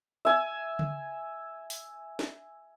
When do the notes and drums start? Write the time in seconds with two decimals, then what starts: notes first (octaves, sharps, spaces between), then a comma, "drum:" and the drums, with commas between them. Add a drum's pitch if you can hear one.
0.25 E5 G#5
0.79 drum: tom C#3
1.70 drum: open hi-hat
2.19 drum: snare